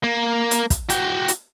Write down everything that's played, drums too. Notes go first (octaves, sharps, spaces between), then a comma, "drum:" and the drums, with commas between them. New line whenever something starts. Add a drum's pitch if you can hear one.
A#3
drum: hi-hat
drum: kick, hi-hat
F#4 G5, drum: hi-hat
drum: hi-hat